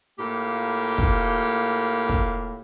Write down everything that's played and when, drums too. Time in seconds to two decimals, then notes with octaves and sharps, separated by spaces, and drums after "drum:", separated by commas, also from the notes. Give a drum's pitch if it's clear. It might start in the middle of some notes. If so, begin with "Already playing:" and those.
0.19 A2 A#3 F4 G4
0.98 drum: kick
2.09 drum: kick